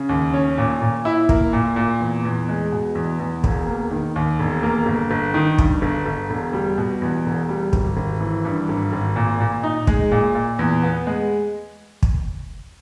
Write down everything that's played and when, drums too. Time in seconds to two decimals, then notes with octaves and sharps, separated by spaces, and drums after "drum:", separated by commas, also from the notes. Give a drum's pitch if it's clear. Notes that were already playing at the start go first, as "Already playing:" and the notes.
Already playing: C#3
0.09 D#2
0.33 C#4
0.58 A#2
0.81 A#2
1.05 E4
1.29 A#3, drum: kick
1.53 A#2
1.76 A#2
2.00 E2
2.25 E2
2.49 G#3
2.72 B2
2.95 E2
3.20 E2
3.44 E1, drum: kick
3.67 A#3
3.91 D#3
4.16 D#2
4.39 E1
4.63 A#3
4.86 G1
5.11 G1
5.34 D#3
5.58 G2, drum: kick
5.82 G1
6.05 G1
6.30 E1
6.53 G3
6.78 B2
7.02 E2
7.26 E1
7.49 G3
7.73 G#1, drum: kick
7.97 G#1
8.20 E3
8.45 G2
8.69 G#1
8.93 G#1
9.16 A#2
9.40 A#2
9.63 D#4
9.87 G#3, drum: kick
10.12 A#2
10.35 A#2
10.59 E2
10.83 B3
11.07 G#3
12.03 drum: kick